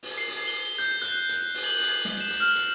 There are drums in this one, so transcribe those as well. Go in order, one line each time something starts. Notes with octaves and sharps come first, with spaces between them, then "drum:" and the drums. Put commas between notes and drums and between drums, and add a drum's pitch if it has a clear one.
drum: open hi-hat
C7
drum: open hi-hat
G7
G6, drum: hi-hat
F#6, drum: hi-hat
drum: hi-hat
drum: open hi-hat
F#7
drum: open hi-hat
drum: snare
E7
drum: hi-hat
F6
drum: hi-hat